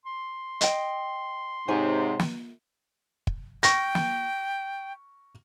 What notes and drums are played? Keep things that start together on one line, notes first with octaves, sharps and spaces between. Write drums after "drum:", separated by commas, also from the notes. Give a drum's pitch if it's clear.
C6
D#5 G5, drum: hi-hat
G#2 C3 C5 C#5 G#5
drum: snare
drum: kick
G5 C#6 A#6, drum: hi-hat
drum: snare